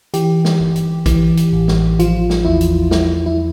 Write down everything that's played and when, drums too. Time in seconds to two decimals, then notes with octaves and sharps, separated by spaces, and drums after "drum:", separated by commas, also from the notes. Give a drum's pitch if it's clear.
0.14 E3 G4, drum: hi-hat
0.45 drum: snare
0.60 G1
0.76 drum: hi-hat
1.06 E3, drum: kick A#1, hi-hat
1.37 drum: hi-hat
1.53 A1
1.68 drum: snare
1.99 F3 F4, drum: hi-hat
2.30 drum: snare
2.45 E2 E4
2.61 drum: hi-hat
2.91 F3 E4, drum: snare
3.26 E4